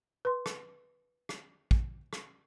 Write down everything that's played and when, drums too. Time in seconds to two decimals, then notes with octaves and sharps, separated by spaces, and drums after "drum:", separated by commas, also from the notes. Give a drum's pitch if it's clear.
0.25 B4 C6
0.46 drum: rim click
1.29 drum: rim click
1.71 drum: kick
2.13 drum: rim click